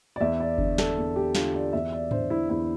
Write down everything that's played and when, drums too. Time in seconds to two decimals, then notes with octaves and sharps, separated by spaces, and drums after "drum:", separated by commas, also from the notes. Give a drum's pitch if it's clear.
0.16 D5
0.21 E2 E5
0.40 D5
0.58 D3, drum: kick F#1
0.78 A4, drum: snare
0.97 E2
1.16 G4
1.35 D3 F4, drum: snare
1.54 D5
1.73 E2 E5
1.93 D5
2.11 D3 C5, drum: tom G#2
2.30 E4
2.49 E2 E4